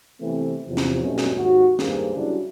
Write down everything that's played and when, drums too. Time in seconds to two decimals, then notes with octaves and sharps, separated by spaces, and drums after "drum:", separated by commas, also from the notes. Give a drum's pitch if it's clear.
0.21 C3 E3 A3 B3 C4
0.67 E2 C3 F3
0.77 drum: snare
1.02 B1 G2 B2 A3 C#4
1.18 drum: snare
1.36 D#2 G#2 F#4
1.79 C#2 G2 D#3 A#3 G#4 C5, drum: snare
2.15 F#2 C#3 G3 D4 E4 F#4